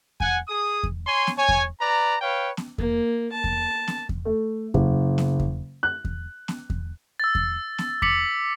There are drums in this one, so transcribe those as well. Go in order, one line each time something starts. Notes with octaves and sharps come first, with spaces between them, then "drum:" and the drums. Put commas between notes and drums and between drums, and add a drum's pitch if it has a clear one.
F#5 G#5, drum: kick E2
G#4 D#6
drum: kick E2
C#5 G#5 C6
drum: snare
C#5 G#5
drum: kick E2
B4 D5 A#5
B4 C#5 F5 G5
drum: snare
A#3, drum: kick E2
A5
drum: kick E2
drum: snare
drum: kick E2
A3
F#1, drum: kick E2
drum: snare
drum: kick E2
F#6
drum: kick E2
drum: snare
drum: kick E2
E6 A6
drum: kick E2
drum: snare
D6 B6 C#7 F#7, drum: kick E2